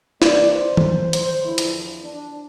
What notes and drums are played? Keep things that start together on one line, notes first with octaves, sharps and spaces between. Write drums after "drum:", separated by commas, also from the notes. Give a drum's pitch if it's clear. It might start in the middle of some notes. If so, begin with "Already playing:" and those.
C3 E3 A#3 D5, drum: snare
C5
drum: tom D#3
C5, drum: hi-hat
E2 D3 F3 E4
drum: hi-hat
D4